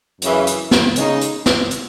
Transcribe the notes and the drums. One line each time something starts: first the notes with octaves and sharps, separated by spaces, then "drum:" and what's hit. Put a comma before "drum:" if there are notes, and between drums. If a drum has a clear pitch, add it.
F#2 C#3 E3, drum: hi-hat
drum: hi-hat
drum: snare
C#3 G#3 D#4 G#4, drum: hi-hat
drum: hi-hat
drum: snare
drum: hi-hat